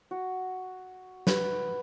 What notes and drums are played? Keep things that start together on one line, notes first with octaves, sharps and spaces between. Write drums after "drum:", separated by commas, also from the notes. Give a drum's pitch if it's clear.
F#4
B4, drum: snare